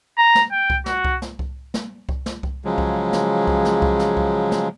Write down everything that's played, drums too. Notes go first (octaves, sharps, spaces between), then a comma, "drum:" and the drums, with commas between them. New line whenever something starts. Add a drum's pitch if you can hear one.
A#5
drum: snare
G5
drum: kick C2
F#4, drum: snare
drum: kick C2
drum: snare
drum: kick C2
drum: snare
drum: kick C2
drum: snare
drum: kick C2
C#3 F3 F#3 G#3
drum: kick C2
drum: snare
drum: kick C2
drum: snare
drum: kick C2
drum: snare
drum: kick C2
drum: snare